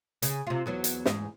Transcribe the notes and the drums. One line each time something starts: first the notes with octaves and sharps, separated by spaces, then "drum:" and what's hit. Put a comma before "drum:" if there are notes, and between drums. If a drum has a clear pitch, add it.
C#3, drum: hi-hat
C3 F4
E2 F#3 B3
drum: hi-hat
E2 G#2, drum: snare